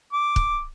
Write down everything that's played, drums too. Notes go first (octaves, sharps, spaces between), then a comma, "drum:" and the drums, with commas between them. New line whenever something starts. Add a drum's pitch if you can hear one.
D6
drum: kick